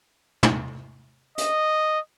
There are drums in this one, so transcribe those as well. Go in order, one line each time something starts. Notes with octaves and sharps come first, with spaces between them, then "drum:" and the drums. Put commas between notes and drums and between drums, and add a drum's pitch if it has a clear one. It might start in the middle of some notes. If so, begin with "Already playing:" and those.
drum: tom
D#5, drum: hi-hat